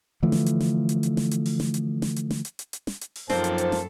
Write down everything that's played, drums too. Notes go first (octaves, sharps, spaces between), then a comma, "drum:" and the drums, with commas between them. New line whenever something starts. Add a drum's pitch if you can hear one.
D3 E3 F3 A3
drum: snare
drum: hi-hat
drum: snare
drum: hi-hat
drum: hi-hat
drum: snare
drum: hi-hat
drum: open hi-hat
drum: snare
drum: hi-hat
drum: snare
drum: hi-hat
drum: snare
drum: hi-hat
drum: hi-hat
drum: hi-hat
drum: snare
drum: hi-hat
drum: open hi-hat
F#2 D#3 F3 A#3 C4 A4 C5 A5, drum: snare
drum: hi-hat
drum: hi-hat
drum: snare